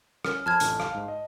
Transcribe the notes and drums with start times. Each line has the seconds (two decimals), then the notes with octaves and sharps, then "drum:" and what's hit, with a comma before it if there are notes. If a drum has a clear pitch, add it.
0.25 C#4 A#4 F6, drum: rim click
0.46 F2 A5 B5 F6 G#6
0.60 A1 D3, drum: hi-hat
0.80 F5, drum: rim click
0.94 G#2
1.08 D#5